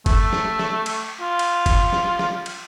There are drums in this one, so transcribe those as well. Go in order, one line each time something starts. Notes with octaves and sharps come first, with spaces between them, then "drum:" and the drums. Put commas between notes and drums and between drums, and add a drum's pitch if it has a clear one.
A3, drum: kick, cymbal
drum: snare
drum: snare
drum: cymbal
F4
drum: cymbal
drum: kick, cymbal
drum: snare
drum: snare
drum: cymbal